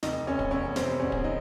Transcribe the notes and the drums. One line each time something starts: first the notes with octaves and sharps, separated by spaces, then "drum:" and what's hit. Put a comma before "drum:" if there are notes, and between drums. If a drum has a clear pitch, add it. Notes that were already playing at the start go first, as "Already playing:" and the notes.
F1 D#4, drum: snare
F1 C#4
drum: kick
E2 C#4
C3 C4, drum: snare
E2 C#4
drum: kick
D#4